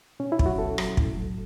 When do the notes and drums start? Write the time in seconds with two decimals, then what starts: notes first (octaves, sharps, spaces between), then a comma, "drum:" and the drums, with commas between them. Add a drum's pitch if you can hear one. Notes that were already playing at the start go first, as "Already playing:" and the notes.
0.20 B2 C#4
0.32 E4
0.39 F#3, drum: kick
0.46 F#4
0.58 B2 A4
0.78 F#3, drum: rim click
0.97 A2, drum: kick
1.17 F#3